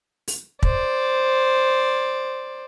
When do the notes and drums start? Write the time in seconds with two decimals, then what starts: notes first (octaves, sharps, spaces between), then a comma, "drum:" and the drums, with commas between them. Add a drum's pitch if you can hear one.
0.28 drum: open hi-hat
0.63 C5 D5, drum: kick